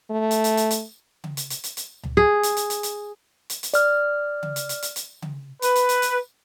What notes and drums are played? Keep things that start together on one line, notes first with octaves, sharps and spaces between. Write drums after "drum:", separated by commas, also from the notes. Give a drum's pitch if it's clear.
A3
drum: hi-hat
drum: hi-hat
drum: hi-hat
drum: hi-hat
drum: tom C#3
drum: hi-hat
drum: hi-hat
drum: hi-hat
drum: hi-hat
drum: tom C#2
G#4
drum: hi-hat
drum: hi-hat
drum: hi-hat
drum: hi-hat
drum: hi-hat
drum: hi-hat
D5 F6, drum: hi-hat
drum: tom C#3
drum: hi-hat
drum: hi-hat
drum: hi-hat
drum: hi-hat
drum: tom C#3
B4, drum: hi-hat
drum: hi-hat
drum: hi-hat
drum: hi-hat